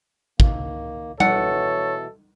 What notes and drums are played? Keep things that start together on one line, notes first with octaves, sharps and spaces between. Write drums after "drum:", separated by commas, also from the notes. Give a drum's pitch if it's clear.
D#3 A#3, drum: kick
B2 E3 A4 C#5 F#5, drum: tom G3